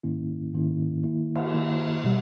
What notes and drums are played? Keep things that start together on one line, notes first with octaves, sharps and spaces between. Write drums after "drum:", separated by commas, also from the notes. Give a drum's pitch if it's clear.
G#2 D#3 A#3 C#4 E4
G#2 D#3 A#3 C#4 E4
D#3 A#3 E4
drum: cymbal
D#3 A#3 E4
B2 G3